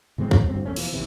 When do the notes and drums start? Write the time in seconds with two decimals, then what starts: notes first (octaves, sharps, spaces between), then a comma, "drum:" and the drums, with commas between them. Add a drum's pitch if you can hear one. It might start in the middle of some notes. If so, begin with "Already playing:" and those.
0.18 B2 E3 G#3 C4
0.31 D#1, drum: kick
0.49 D2 G2 C4
0.65 E2 A3 C#4
0.76 B2 E3 F3, drum: cymbal
0.93 A#1 D#2 C3 E3